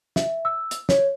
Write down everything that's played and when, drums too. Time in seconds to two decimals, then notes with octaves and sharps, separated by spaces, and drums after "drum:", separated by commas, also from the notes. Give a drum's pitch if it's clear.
0.16 E5, drum: snare
0.45 E6
0.71 drum: hi-hat
0.89 C#5, drum: snare